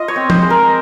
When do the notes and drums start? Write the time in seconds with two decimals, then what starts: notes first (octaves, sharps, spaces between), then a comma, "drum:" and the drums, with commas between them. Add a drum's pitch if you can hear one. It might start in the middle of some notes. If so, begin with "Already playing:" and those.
Already playing: F4 D#5
0.08 C#5
0.16 C4
0.30 C5, drum: tom F3
0.42 G#3
0.50 A#4